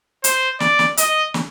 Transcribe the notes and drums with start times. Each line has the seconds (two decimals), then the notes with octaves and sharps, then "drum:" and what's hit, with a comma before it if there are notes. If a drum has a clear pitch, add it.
0.24 C5, drum: hi-hat
0.60 D5, drum: snare
0.79 drum: snare
0.97 D#5, drum: hi-hat
1.34 drum: snare